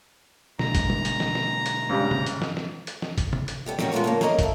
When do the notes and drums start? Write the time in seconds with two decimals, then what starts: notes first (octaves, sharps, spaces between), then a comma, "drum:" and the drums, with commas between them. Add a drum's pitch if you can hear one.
0.59 B2 D3 G#3 A#5, drum: snare
0.75 drum: kick, hi-hat
0.90 drum: tom
1.05 drum: hi-hat
1.20 drum: snare
1.35 drum: snare
1.66 drum: hi-hat
1.89 G#2 C#3 G3
2.11 drum: tom
2.26 drum: hi-hat
2.42 drum: snare
2.57 drum: snare
2.87 drum: hi-hat
3.02 drum: snare
3.18 drum: kick, hi-hat
3.33 drum: tom
3.48 drum: hi-hat
3.66 G3 B3 G4
3.79 G2 D#3 G3 C#4 F#4, drum: snare
3.92 G#3 B3 D4 F4 G#4 A#4
4.04 C#3 F3 A#3
4.21 A#3 C#4 G#4 A#4 D#5, drum: snare
4.39 A4 E5, drum: kick, hi-hat